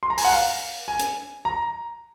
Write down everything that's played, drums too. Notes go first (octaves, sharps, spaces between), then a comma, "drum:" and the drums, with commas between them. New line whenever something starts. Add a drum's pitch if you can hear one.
C6
A#5
G#5, drum: open hi-hat
F#5
F5
G#5
drum: hi-hat
A#5